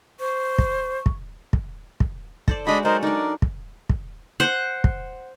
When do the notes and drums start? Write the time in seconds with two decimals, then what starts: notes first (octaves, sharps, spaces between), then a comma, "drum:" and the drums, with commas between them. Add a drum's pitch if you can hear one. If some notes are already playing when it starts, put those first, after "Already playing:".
0.20 C5 C#6
0.59 drum: kick
1.06 drum: kick
1.53 drum: kick
2.00 drum: kick
2.48 A4 C5 D5, drum: kick
2.67 G#3 D4 F#4 D#5 B5
2.85 F#3 G#3 D#4 A4 A#4 C5
3.03 D4 D#4 A#4 D5
3.42 drum: kick
3.89 drum: kick
4.40 C5 F#5
4.84 drum: kick